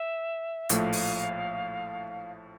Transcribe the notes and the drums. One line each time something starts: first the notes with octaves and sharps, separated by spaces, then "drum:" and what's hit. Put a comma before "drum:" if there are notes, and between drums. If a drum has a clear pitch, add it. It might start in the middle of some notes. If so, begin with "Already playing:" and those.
Already playing: E5
A#1 A2 F3 A3 F5, drum: hi-hat
drum: open hi-hat